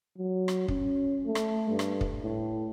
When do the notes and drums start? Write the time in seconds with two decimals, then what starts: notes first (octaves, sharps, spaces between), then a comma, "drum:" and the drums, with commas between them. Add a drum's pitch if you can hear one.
0.18 F#3
0.48 drum: rim click
0.68 C#4, drum: kick
1.26 A3
1.35 drum: rim click
1.70 G2
1.79 drum: rim click
2.01 drum: kick
2.23 A2